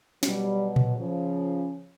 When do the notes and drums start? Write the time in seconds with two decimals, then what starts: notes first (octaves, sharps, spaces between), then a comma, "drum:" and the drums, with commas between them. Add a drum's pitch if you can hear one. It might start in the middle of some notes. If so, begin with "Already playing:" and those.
0.23 B2 F#3 G3, drum: snare
0.76 drum: tom A#2
0.97 C#3 F3